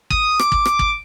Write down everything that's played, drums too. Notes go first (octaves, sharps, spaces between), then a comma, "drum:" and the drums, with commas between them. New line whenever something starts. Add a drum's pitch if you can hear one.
D#6, drum: kick
D6, drum: rim click
drum: kick
drum: rim click
drum: kick